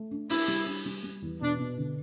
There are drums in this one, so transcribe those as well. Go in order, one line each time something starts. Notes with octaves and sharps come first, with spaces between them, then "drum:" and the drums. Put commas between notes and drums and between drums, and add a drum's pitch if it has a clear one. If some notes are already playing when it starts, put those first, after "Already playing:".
Already playing: A3
D4
D4 E4, drum: open hi-hat
G3
D4
G3
G3
E2
B2 D4
B2
D3